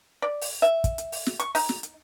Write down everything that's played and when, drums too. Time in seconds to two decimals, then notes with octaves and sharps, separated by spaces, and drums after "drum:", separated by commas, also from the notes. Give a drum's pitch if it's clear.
0.22 D5
0.41 drum: open hi-hat
0.62 E5
0.84 drum: kick, hi-hat
0.98 drum: hi-hat
1.12 drum: open hi-hat
1.26 drum: snare
1.40 C#6, drum: hi-hat
1.55 D#4, drum: open hi-hat
1.69 drum: snare
1.83 drum: hi-hat